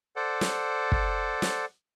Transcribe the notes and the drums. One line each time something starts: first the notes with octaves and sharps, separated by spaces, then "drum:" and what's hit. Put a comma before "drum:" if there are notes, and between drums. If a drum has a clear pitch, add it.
A4 C5 D5 F#5
drum: snare
drum: kick
drum: snare